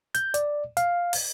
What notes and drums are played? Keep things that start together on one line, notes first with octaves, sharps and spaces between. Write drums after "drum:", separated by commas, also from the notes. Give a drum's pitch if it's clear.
G6, drum: hi-hat
D5, drum: hi-hat
F5, drum: hi-hat
drum: open hi-hat